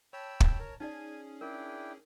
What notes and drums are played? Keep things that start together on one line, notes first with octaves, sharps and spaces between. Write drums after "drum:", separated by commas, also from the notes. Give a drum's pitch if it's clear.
C#5 G5 A5 B5 E6
drum: kick
A#4
C#4 D#4 G#4 D5 G#5
D4 E4 A#4 G5